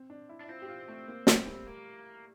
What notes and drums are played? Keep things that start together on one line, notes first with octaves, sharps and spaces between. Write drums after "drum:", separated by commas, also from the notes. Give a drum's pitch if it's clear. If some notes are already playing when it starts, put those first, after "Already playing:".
Already playing: C4
D4
E4
D4
E4
C4 F4
G4
F4
A3
A#3
A3, drum: snare
G3
A#3